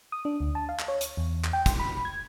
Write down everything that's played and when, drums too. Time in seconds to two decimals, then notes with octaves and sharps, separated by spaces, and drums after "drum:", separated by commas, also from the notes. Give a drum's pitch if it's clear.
0.12 D#6
0.25 D4
0.40 D2
0.55 A5
0.69 F5
0.79 drum: clap
0.88 C#5
1.01 drum: hi-hat
1.17 E2
1.44 drum: clap
1.53 G5
1.66 C6, drum: kick, hi-hat
1.79 B5
2.05 G#6